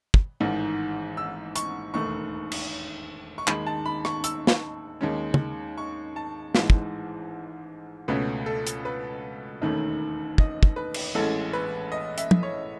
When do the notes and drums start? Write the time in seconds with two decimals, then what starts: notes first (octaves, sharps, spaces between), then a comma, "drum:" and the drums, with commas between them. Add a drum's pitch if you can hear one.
0.14 drum: kick
0.40 A1 G#2 D#3
1.17 E6
1.56 C#6, drum: hi-hat
1.94 E1 D#2 D#3 A3 C#6
2.52 drum: cymbal
3.38 C#6
3.47 D#2 D#3 G#3 B5, drum: clap
3.66 A5
3.86 B5
4.05 C#6, drum: rim click
4.24 E6, drum: hi-hat
4.47 drum: snare
5.01 D#2 D#3 G#3 C#4
5.34 drum: tom
5.78 C#6
6.16 A5
6.55 A1 G#2 E3 G#3, drum: snare
6.70 drum: kick
8.08 C#2 B2 A3 C#4 B4
8.46 A4
8.67 drum: hi-hat
8.85 B4
9.62 E1 D#2 D#3 A3 C#4
10.38 D#5, drum: kick
10.63 drum: kick
10.76 B4
10.94 drum: cymbal
11.15 A1 A2 G#3 C#4 A4
11.53 B4
11.92 D#5
12.18 E5, drum: hi-hat
12.31 drum: tom
12.43 C#5